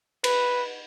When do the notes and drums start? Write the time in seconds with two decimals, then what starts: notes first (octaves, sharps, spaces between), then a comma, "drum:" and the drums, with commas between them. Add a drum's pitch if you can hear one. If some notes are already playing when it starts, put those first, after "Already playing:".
0.24 B4, drum: cymbal